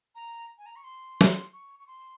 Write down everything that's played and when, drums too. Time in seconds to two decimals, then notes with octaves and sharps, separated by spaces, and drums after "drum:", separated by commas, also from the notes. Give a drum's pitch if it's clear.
0.15 A#5
0.58 G#5
0.66 A#5
0.76 C#6
0.84 C6
1.21 drum: snare
1.53 C#6
1.79 C#6
1.87 C6